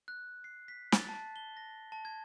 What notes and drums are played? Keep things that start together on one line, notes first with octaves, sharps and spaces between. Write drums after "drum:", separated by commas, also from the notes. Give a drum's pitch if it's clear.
F#6
C7
B6
A6, drum: snare
A5
G7
A#6
A5
G#6